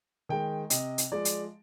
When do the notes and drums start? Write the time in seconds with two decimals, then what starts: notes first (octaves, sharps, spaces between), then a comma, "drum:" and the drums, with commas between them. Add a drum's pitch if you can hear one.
0.29 D#3 G#3 G5
0.70 C3 D#5, drum: hi-hat
0.98 drum: hi-hat
1.11 F3 G#3 D5
1.25 drum: hi-hat